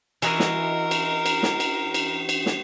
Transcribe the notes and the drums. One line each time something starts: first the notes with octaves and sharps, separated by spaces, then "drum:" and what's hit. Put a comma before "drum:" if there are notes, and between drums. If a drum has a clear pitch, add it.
E3 F#4 A#4 D#5, drum: cymbal
drum: snare
drum: cymbal
drum: cymbal
drum: snare
drum: cymbal
drum: cymbal
drum: cymbal
drum: snare